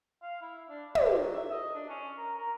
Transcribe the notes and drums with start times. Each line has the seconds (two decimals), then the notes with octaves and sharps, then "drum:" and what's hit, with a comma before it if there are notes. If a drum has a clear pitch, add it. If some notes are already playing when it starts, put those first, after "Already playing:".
0.22 F5
0.42 E4
0.70 D4
0.95 G4, drum: tom
1.19 F#3
1.34 E5
1.51 D#5
1.75 D4
1.90 C#4
2.18 A#4
2.38 A#4